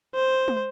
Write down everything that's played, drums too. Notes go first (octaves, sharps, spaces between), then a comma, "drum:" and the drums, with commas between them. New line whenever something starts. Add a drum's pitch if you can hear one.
C5
drum: tom G#3